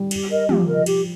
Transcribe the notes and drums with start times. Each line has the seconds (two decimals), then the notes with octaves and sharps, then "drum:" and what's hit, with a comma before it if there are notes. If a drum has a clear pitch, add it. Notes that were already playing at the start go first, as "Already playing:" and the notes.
Already playing: G3
0.11 G4, drum: cymbal
0.30 A#4 D#5
0.49 F3 G4, drum: tom
0.67 A#4 D#5
0.86 G4, drum: cymbal